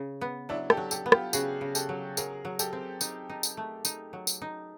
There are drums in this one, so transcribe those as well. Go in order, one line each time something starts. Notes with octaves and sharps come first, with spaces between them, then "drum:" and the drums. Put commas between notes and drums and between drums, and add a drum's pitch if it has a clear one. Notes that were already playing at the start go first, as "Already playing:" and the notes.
Already playing: C#3
B3
F#3 D4 E4
G4 A4, drum: rim click
F#3
G4 A4, drum: tambourine
B3
F4 G4, drum: rim click
C#3 F#4 G#4, drum: tambourine
C#3
G4 A4, drum: tambourine
F#3
F#3 G#4 A#4, drum: tambourine
F#3
G4 A4, drum: tambourine
C4
D#4, drum: tambourine
D#4
drum: tambourine
A3
D#4, drum: tambourine
F#3
drum: tambourine
D#4